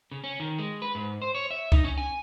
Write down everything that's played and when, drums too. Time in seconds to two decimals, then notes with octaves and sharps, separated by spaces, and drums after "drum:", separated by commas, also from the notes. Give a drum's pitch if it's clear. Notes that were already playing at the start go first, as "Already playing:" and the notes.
0.11 C#3
0.24 C#4
0.40 D#3
0.58 G#3
0.82 B4
0.95 G#2
1.22 C5
1.35 C#5
1.51 E5
1.72 D#4, drum: kick C#2
1.84 C#4
1.98 G#5